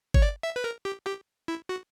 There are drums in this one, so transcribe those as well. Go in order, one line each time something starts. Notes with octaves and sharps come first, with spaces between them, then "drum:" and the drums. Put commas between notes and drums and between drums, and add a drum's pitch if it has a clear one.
C#5, drum: kick G1
D5
E5
B4
A#4
G4
G4
E4
F#4